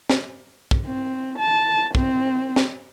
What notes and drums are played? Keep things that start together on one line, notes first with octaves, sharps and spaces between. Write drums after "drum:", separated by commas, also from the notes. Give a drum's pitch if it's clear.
drum: snare
drum: kick
C4
A5
C4, drum: kick
drum: snare